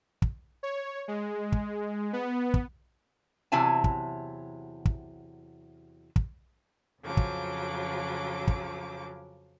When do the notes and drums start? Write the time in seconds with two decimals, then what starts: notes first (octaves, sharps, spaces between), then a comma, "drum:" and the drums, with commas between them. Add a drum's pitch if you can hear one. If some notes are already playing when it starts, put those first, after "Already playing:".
0.22 drum: kick
0.63 C#5
1.08 G#3
1.52 drum: kick
2.13 B3
2.54 drum: kick
3.52 E2 C3 F#3 E4 G#5 A5
3.84 drum: kick
4.85 drum: kick
6.16 drum: kick
7.03 F2 C#3 F3 F#3 D6
7.17 drum: kick
8.47 drum: kick